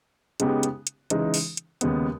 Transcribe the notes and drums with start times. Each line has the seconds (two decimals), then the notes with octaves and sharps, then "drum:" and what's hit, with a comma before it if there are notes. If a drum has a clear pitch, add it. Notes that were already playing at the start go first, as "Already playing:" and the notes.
0.40 C#3 G#3 B3 D#4 G4, drum: hi-hat
0.63 drum: hi-hat
0.87 drum: hi-hat
1.10 C#3 E3 G#3 D#4, drum: hi-hat
1.34 drum: open hi-hat
1.57 drum: hi-hat
1.81 D#2 C#3 G#3 B3, drum: hi-hat